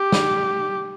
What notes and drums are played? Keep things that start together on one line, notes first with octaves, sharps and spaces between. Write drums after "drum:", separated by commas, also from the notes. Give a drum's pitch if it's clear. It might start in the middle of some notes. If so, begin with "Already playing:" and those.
Already playing: G4
drum: snare